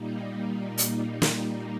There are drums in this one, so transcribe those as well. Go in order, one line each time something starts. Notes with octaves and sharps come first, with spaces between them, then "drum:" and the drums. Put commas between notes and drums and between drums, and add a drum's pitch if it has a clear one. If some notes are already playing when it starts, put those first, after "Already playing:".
Already playing: A#2 G3 A#3 D#4
drum: hi-hat
drum: snare